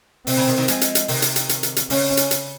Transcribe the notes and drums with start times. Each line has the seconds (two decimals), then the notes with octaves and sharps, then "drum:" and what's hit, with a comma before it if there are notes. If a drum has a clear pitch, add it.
0.27 C3 C4, drum: open hi-hat
0.37 C#3
0.47 C3 D#3
0.57 C3 D#3
0.68 F3 G#3, drum: hi-hat
0.81 drum: hi-hat
0.95 drum: hi-hat
1.08 C3 D#3, drum: open hi-hat
1.22 drum: hi-hat
1.36 drum: hi-hat
1.49 drum: hi-hat
1.63 drum: hi-hat
1.76 drum: hi-hat
1.90 C#3 C#4, drum: open hi-hat
2.17 drum: hi-hat
2.31 drum: hi-hat